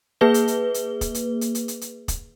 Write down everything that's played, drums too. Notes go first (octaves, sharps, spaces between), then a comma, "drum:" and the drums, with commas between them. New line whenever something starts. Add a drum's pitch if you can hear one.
A#3 G#4 B4 G7
drum: hi-hat
drum: hi-hat
drum: hi-hat
drum: kick, hi-hat
drum: hi-hat
drum: hi-hat
drum: hi-hat
drum: hi-hat
drum: hi-hat
drum: kick, hi-hat